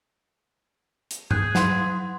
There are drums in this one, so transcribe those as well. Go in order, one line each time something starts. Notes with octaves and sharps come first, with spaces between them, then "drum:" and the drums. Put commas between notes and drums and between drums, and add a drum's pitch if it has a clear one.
drum: hi-hat
G#4 F#6 G6, drum: tom G2
F#3 F#5 C6, drum: snare